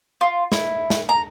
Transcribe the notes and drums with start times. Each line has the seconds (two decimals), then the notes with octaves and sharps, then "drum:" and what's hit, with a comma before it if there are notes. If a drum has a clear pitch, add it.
0.21 F4
0.52 E4, drum: snare
0.90 drum: snare
1.09 A#5